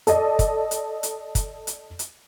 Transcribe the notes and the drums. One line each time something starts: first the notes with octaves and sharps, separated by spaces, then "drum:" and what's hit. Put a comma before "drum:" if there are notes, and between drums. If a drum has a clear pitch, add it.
A4 D5 D#5, drum: hi-hat
drum: kick, hi-hat
drum: hi-hat
drum: hi-hat
drum: kick, hi-hat
drum: hi-hat
drum: hi-hat